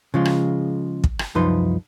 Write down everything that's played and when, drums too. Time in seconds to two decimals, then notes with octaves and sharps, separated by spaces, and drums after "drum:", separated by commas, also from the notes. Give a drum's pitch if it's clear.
0.14 C#3 F3 G#3 F4
0.25 drum: rim click
1.04 drum: kick
1.19 drum: rim click
1.35 C2 F#2 F3 D#4 B4 C6